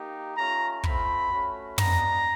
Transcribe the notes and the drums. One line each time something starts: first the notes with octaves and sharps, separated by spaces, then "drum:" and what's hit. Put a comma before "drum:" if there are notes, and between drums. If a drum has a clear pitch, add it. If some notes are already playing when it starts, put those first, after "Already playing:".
Already playing: A#3 D#4 G4
A3 C#4 F4 A#5
A3 C4 F4 B5, drum: kick
A3 C#4 F#4
G#3 B3 D4 F4 A#5, drum: tom